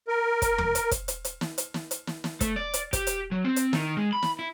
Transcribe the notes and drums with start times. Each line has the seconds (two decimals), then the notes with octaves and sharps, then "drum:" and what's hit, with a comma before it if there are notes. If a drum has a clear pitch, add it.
0.08 A#4
0.42 drum: kick, hi-hat
0.58 drum: tom
0.75 drum: hi-hat
0.91 drum: kick, hi-hat
1.08 drum: hi-hat
1.25 drum: hi-hat
1.41 drum: snare
1.58 drum: hi-hat
1.74 drum: snare
1.91 drum: hi-hat
2.07 drum: snare
2.24 drum: snare
2.41 A3, drum: kick, hi-hat
2.56 D5
2.74 drum: hi-hat
2.93 G4, drum: kick, hi-hat
3.07 drum: hi-hat
3.31 F#3
3.44 C4
3.56 drum: hi-hat
3.73 D#3, drum: snare
3.97 G#3
4.13 B5
4.23 drum: snare
4.39 E4